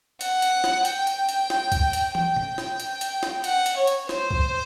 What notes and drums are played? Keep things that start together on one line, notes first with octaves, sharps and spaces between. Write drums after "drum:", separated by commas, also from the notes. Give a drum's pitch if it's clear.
F#5, drum: hi-hat
drum: hi-hat
drum: snare
G5, drum: hi-hat
drum: hi-hat
drum: hi-hat
drum: snare
drum: kick C#2, hi-hat
drum: hi-hat
G5, drum: tom
drum: tom B2
drum: snare
drum: hi-hat
drum: hi-hat
drum: snare
F#5, drum: hi-hat
drum: hi-hat
C#5
drum: hi-hat
C5, drum: snare
drum: kick C#2